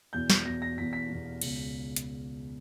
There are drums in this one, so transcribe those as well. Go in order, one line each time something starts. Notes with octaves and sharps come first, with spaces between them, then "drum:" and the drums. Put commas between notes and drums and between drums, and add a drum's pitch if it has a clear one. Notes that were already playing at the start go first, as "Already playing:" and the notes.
E2 B2 G6
G6, drum: snare
E2 B2 A#6
A#6
E2 B2 B6
B6
E2 B2
C#2 B2, drum: cymbal
drum: hi-hat